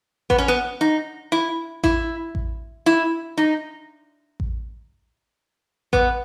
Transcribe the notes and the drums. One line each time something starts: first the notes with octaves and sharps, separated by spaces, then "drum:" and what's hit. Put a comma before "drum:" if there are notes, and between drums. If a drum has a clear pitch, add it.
B3, drum: kick A1
C#4
B3
D#4
E4
E4, drum: kick A1
drum: kick A1
E4
D#4
drum: kick A1
B3, drum: kick A1